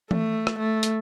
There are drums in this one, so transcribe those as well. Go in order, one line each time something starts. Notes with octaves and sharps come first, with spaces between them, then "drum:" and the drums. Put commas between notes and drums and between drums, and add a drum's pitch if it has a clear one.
A3, drum: tom E3
drum: rim click
A3
drum: hi-hat